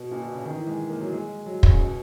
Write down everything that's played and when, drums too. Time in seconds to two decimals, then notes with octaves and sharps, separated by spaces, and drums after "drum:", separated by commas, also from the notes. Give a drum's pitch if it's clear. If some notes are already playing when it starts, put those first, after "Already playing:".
Already playing: B2
0.11 A#2
0.22 B2
0.33 C#3
0.45 D#3
0.56 E3
0.67 G#3
0.90 A#3
1.01 F#3
1.13 G#3
1.46 F#3
1.63 C#3, drum: kick
1.80 B2